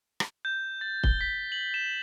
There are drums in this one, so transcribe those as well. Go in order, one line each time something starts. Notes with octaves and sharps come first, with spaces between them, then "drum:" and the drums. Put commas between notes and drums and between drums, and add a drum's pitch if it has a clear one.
drum: rim click
G6
A6
G7, drum: kick
B6
F#7
E7